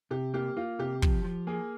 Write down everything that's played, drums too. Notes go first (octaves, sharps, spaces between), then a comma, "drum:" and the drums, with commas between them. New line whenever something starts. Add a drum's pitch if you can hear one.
C3 G4
A#3 G4
A#3 F4
C3 G4
F3, drum: kick
F3
A#3 G#4